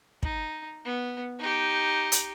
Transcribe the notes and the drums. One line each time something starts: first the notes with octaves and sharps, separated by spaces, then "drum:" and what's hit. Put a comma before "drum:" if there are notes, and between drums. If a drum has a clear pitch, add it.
D#4, drum: kick
B3
D#4 G4
drum: hi-hat